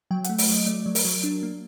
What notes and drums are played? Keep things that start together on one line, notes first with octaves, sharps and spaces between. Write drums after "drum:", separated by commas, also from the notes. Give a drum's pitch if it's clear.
F#3 G5
F#5, drum: hi-hat
A3
F#5, drum: open hi-hat
F#3 D#5
A3 D5
F#3
A#4, drum: open hi-hat
F#3
D4
A#3